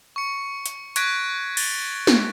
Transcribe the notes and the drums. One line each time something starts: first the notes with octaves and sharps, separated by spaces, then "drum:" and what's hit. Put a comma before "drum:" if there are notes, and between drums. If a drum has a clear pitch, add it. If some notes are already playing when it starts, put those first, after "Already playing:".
C#6 C#7
drum: hi-hat
C#6 F#6 G#6 A#6 B6 D7, drum: hi-hat
A6, drum: cymbal
drum: snare